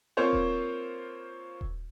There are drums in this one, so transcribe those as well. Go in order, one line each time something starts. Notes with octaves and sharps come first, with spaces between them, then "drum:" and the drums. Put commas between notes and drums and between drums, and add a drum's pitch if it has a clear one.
A#3 C4 F4 C5 C#5
drum: kick D#1
drum: kick D#1